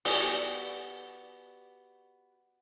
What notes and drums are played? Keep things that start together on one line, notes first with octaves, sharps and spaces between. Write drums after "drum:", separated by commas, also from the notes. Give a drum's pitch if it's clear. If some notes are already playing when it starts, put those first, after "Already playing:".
B3 F#4 G4 D5, drum: open hi-hat